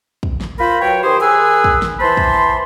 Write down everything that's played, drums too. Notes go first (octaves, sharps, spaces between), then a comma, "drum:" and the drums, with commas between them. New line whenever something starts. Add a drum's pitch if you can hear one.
drum: kick
drum: snare
F4 A#4 C5 B5
F#3 B4 C#5 G5
D#3 G4 G#4 C5
D#3 G#4 B4 G#5 E6
drum: kick
drum: snare
E3 C5 A5 B5 C6
drum: kick